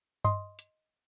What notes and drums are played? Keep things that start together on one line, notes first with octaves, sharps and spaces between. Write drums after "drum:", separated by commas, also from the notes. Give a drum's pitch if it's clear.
D#5 C6 D#6, drum: tom G2
drum: hi-hat